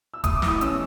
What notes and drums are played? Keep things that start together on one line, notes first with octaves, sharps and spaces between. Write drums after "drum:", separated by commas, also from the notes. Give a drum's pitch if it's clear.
E6
A3 D#6, drum: kick D1, hi-hat
D6
E3, drum: snare
D#6
C#4 E6, drum: hi-hat